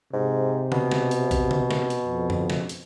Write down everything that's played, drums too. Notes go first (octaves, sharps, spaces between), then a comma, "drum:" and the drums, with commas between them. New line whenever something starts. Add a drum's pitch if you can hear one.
G#2 C3
B2, drum: tom C#3
drum: snare
drum: hi-hat
drum: kick, hi-hat
drum: tom C#3
drum: snare
drum: hi-hat
F2
drum: tom
drum: snare
drum: hi-hat